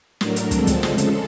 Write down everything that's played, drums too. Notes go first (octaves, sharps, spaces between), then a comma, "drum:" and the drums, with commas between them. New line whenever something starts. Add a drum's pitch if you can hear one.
A2 F#3 A3 D4 A#4, drum: snare
drum: hi-hat
D3 F3 G#3 C4 A4, drum: kick, hi-hat
drum: kick, hi-hat
C#3 F3 G#3, drum: snare
drum: hi-hat